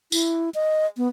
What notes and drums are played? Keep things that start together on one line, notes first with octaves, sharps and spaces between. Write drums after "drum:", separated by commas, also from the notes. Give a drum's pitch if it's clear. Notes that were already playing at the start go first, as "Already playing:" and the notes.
E4, drum: tambourine
D#5
B3